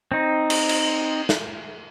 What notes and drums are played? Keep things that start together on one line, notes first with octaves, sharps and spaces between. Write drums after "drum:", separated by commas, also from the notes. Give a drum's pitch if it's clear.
C4 D#4
drum: cymbal
drum: cymbal
drum: snare